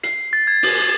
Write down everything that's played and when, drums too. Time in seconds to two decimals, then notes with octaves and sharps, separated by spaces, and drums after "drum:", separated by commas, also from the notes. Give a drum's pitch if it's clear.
0.03 C7, drum: hi-hat
0.33 A6
0.47 G#6
0.63 drum: open hi-hat